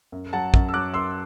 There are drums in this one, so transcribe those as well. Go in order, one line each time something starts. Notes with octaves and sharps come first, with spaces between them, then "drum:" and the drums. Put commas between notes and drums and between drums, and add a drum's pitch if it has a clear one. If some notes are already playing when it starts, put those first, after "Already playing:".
F#2
F#3 F#5 A5
F#2, drum: kick
E6
F#3 D6 F#6
F#2 C6 E6